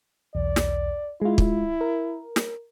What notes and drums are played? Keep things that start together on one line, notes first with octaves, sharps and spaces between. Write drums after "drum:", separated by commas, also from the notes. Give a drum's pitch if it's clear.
B1 E2 D5
drum: snare
G#3 E4 F4
drum: kick
A#4
drum: snare